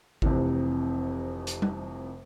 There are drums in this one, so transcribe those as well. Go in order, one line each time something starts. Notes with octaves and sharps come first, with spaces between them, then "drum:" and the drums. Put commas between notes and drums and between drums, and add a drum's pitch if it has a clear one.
F1 F2 C3 E3, drum: kick G#1
drum: hi-hat
drum: tom G3